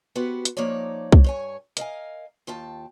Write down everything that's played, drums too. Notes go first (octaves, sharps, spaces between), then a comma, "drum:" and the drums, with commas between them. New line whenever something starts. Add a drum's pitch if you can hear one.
B3 F#4 G4 B4 C5
drum: hi-hat
F3 A#3 D#4 C#5 D5
drum: kick C2
G2 C#5 G#5
A#4 D#5 F5 G#5, drum: hi-hat
D#2 F4 G5 A5